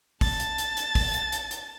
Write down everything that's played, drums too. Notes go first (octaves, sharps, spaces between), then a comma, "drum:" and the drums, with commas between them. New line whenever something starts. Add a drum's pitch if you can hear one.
A5 A6, drum: kick, open hi-hat
drum: hi-hat
drum: hi-hat
drum: hi-hat
drum: kick, open hi-hat
drum: hi-hat
drum: hi-hat
drum: hi-hat